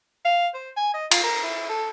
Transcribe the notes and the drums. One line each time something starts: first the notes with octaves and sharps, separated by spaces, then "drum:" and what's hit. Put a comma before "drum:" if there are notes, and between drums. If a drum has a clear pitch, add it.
F5
C5
G#5
D#5
F4, drum: cymbal
A#4
E4
A4